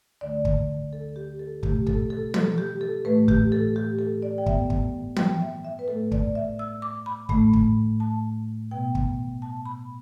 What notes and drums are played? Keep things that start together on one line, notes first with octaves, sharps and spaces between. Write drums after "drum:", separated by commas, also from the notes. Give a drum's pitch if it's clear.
D2 D3 A3 D5
drum: kick
A4
G4
A4
B2 A3 G4, drum: kick
A4, drum: kick
A4
A4, drum: tom
G4
A4
A2 E3 A3 B4
G4, drum: kick
A4
G4
A4
D5
G5
G2 G3 B3 E5, drum: kick
drum: kick
G5, drum: tom
E5
E5
B4
A2 A3 A4
D5, drum: kick
E5
E6
D6
B5
A2 A3 B5, drum: kick
drum: kick
A5
B2 B3 G5
drum: kick
A5
B5